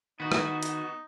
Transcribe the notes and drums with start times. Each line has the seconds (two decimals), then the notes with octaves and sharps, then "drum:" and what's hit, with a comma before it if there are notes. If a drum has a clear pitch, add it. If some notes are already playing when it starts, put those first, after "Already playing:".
0.20 D#3 B3 D#4 F#4
0.32 drum: rim click
0.63 drum: hi-hat